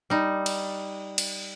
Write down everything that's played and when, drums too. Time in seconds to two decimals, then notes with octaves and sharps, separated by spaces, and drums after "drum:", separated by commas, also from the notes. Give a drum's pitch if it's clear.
0.10 G3 D#4
0.46 drum: cymbal
1.18 drum: cymbal